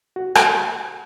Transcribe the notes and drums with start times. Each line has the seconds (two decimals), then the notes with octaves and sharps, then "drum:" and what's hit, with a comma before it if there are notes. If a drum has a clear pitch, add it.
0.16 F#4
0.35 drum: rim click